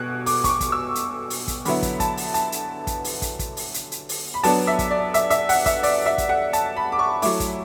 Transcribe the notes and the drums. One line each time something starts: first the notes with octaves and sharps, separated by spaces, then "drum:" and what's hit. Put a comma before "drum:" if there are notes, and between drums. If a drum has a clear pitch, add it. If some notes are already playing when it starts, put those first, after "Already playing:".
Already playing: B2 F#6 G#6
D6, drum: open hi-hat
C#6, drum: kick, hi-hat
D6
drum: kick, hi-hat
E6
drum: hi-hat
drum: open hi-hat
drum: kick, hi-hat
D3 F#3 B3 E4 B5, drum: open hi-hat
drum: kick, hi-hat
A5, drum: kick, hi-hat
drum: open hi-hat
A5, drum: hi-hat
drum: hi-hat
drum: kick, hi-hat
drum: open hi-hat
drum: kick, hi-hat
drum: kick, hi-hat
drum: open hi-hat
drum: hi-hat
drum: hi-hat
drum: open hi-hat
B5
F#3 B3 D4 A5, drum: open hi-hat
E5
drum: kick, hi-hat
D5
E5, drum: hi-hat
E5, drum: hi-hat
F#5, drum: open hi-hat
E5, drum: kick, hi-hat
D5, drum: open hi-hat
E5
drum: kick, hi-hat
F#5
A5, drum: hi-hat
B5
D6
C#6
F#3 A3 E4 D6, drum: open hi-hat
drum: kick, hi-hat